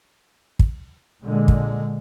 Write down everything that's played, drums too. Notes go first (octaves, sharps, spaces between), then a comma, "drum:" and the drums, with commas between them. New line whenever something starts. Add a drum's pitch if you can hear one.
drum: kick
A#2 D3 G#3
drum: kick